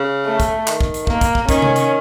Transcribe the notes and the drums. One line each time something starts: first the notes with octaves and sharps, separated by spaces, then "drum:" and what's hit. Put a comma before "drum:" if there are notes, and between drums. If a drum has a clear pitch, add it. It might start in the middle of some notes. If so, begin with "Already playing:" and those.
Already playing: C#3
A3
drum: kick, hi-hat
D#3, drum: clap
drum: kick
drum: hi-hat
A#3, drum: kick
drum: kick, hi-hat
drum: kick
D#3 C#4, drum: kick, hi-hat
drum: tom C3
drum: hi-hat